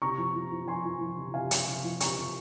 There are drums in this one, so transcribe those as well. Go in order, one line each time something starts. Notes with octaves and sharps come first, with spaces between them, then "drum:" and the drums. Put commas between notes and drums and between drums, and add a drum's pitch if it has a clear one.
C3 A#5 C#6
F3
F3
F3
F3 G#5 C6
F3
F3
C3
C3 F5 G#5
F3, drum: hi-hat
C3
F3
C3 A#5 C#6, drum: hi-hat
C3